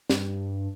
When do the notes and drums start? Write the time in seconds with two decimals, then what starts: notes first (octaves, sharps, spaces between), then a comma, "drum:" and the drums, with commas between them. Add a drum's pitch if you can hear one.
0.10 G2, drum: snare